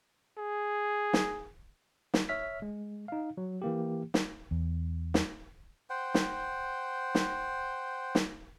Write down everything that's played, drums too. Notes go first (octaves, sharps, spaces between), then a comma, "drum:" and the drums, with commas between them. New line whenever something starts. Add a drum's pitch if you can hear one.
G#4
drum: snare
drum: snare
C#5 E5 F6 B6
G#3
D#4 F5
F#3
E3 A#3 G4
drum: snare
E2
drum: snare
C5 F#5 G5
drum: snare
drum: snare
drum: snare